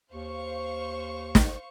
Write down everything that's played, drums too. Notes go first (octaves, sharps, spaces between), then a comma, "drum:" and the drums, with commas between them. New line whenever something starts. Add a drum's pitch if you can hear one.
D#2 C5 F5 C#6
drum: snare